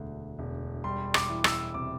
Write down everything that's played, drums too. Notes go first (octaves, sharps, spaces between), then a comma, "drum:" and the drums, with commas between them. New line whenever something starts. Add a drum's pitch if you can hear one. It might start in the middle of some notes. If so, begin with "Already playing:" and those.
Already playing: E1 D2 D3
E1
G3 C6
D6, drum: rim click
E3
E6, drum: rim click
C3 D6